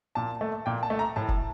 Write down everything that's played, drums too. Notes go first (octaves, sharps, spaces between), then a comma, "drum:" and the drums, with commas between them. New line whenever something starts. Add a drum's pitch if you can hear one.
A#2 A5
A3
A#2 G5
A5
A3
A#5
A2 A5
drum: kick F1